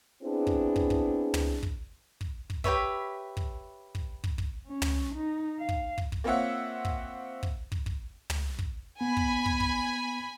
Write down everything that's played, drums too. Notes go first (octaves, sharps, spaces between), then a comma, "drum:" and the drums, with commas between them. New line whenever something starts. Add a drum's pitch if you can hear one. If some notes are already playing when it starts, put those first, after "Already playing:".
B3 C4 D4 E4 G#4
drum: kick
drum: kick
drum: kick
drum: tom
drum: kick
drum: kick
drum: kick
G4 B4 C#5 E5, drum: kick
drum: kick
drum: kick
drum: kick
drum: kick
C#4
drum: tom
D#4
F5
drum: kick
drum: kick
drum: kick
A#3 C4 F4 C#5 E5 F#5
drum: kick
drum: kick
drum: kick
drum: kick
drum: tom
drum: kick
B3 G#5 B5
drum: kick
drum: kick
drum: kick